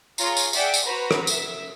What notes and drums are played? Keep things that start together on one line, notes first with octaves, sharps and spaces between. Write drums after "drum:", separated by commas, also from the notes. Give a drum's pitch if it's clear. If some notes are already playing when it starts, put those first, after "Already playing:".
F4 G#4 C#5 A#5, drum: tambourine
drum: tambourine
G#4 D5 E5 F#5 G5, drum: tambourine
drum: tambourine
F#4 B4 C5 A#5 B5
drum: rim click
E5, drum: tambourine